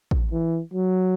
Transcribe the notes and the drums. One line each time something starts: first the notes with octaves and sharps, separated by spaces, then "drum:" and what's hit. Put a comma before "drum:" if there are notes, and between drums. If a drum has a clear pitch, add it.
drum: kick A1
E3
F#3